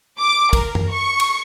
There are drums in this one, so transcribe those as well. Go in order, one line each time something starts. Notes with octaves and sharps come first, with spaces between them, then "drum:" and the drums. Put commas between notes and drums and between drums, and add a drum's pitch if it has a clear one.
D6
A#4, drum: kick, cymbal
drum: tom F#2
C#6
drum: cymbal